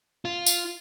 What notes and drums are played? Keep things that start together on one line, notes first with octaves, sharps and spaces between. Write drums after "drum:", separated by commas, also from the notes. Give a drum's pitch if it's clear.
F4
drum: tambourine